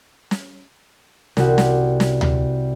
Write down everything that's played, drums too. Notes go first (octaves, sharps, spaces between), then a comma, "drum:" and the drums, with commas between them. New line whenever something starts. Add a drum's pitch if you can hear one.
drum: snare
C2 F#4, drum: snare
drum: snare
drum: snare
drum: tom D2